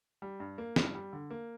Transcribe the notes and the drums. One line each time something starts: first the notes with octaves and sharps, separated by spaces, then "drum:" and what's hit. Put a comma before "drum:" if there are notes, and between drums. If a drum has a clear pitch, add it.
G3
G2
A#3
G2, drum: snare
G3
D3
A#3